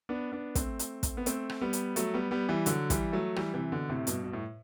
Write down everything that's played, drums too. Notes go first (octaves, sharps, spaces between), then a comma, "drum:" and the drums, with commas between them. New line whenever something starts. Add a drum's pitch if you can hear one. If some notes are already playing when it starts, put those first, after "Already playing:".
B3 D4
B3 D4
A3 C4, drum: kick, hi-hat
drum: hi-hat
drum: kick, hi-hat
B3
A3 C4, drum: hi-hat
drum: rim click
G3 B3
drum: hi-hat
F#3 A3, drum: hi-hat
G3 B3
G3 B3
E3 G3
D3 F#3, drum: hi-hat
E3 G3, drum: kick, hi-hat
F#3 A3
E3 G3, drum: rim click
C3 E3
B2 D3
A2 C3
G2 B2, drum: hi-hat
B2
A2